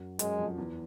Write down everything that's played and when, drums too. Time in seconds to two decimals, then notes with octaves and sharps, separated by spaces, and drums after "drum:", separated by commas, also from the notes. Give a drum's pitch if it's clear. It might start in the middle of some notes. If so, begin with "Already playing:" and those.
Already playing: F#2 F#3
0.19 F#2 F#3 G#3, drum: hi-hat
0.38 F2 F3
0.49 F3
0.58 E2 E3